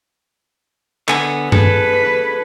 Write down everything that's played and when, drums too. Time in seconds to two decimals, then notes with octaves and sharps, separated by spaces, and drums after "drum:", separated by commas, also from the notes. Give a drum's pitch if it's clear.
1.08 D3 B3 G#5, drum: clap
1.52 G#4 A4 B4, drum: tom G2